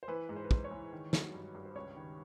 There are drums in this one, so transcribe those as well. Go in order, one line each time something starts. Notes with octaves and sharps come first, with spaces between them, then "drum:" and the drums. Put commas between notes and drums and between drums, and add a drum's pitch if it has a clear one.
C5
E3 B4
G#2
C5
B4
G#2 C5, drum: kick
C#5
E3
D#3
F#3, drum: snare
G2
G2
C5
C#2 C#5
D#3